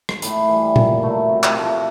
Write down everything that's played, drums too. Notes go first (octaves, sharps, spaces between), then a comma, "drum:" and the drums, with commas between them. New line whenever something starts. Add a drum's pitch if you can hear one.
drum: rim click
A2 B5, drum: hi-hat
E3 G3
A#2, drum: tom A#2
F#3 A3
C3
drum: clap
F3 A3